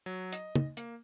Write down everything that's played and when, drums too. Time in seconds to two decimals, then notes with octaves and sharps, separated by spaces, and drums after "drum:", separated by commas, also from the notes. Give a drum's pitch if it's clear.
0.06 F#3
0.33 D#5, drum: hi-hat
0.55 drum: tom
0.77 A#3, drum: hi-hat